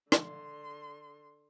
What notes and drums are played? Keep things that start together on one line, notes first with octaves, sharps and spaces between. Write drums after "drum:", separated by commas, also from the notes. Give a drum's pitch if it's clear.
D3 C6, drum: rim click